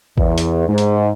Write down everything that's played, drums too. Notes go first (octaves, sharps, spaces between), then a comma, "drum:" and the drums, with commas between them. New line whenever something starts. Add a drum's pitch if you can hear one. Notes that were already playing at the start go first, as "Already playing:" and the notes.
E2, drum: kick A1
drum: hi-hat
G#2
drum: hi-hat